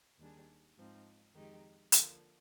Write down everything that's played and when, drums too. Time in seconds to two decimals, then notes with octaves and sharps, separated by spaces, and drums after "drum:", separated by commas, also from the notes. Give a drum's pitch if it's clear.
0.18 D#2 D#3 G3 D4 G#4
0.76 G#2 F3 C4 D#4
1.34 F2 D#3 G#3 D#4 G4
1.92 D3 F3 A#3, drum: hi-hat